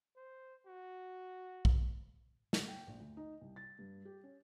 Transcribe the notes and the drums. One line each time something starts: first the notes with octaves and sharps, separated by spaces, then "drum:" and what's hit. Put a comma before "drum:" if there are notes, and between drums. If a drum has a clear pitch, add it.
C5
F#4
drum: kick B1
drum: snare
G5
A#1
D2
D#4
C2
A6
G2
G4
C#4